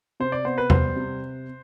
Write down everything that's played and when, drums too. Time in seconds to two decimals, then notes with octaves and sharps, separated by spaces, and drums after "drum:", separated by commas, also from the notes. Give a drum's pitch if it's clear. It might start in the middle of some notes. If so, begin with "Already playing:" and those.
0.20 C3 C5
0.32 D5
0.45 B3 C5
0.58 B4
0.70 G3 C5, drum: tom E2
0.96 C3